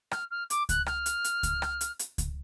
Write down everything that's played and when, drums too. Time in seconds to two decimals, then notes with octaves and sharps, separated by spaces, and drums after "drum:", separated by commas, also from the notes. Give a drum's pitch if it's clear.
0.11 F6, drum: rim click
0.31 F6
0.50 D6, drum: hi-hat
0.69 F#6, drum: kick C#2, hi-hat
0.86 F6, drum: rim click
1.06 drum: hi-hat
1.24 drum: hi-hat
1.43 drum: kick C#2, hi-hat
1.62 drum: rim click
1.81 drum: hi-hat
1.99 drum: hi-hat
2.18 drum: kick C#2, hi-hat